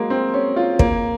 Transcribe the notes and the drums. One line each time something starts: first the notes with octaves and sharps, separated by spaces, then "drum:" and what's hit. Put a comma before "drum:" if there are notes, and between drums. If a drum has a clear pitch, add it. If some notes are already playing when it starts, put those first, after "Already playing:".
Already playing: F#3 G#3 A#3
C4
C#4
F4
A#3, drum: kick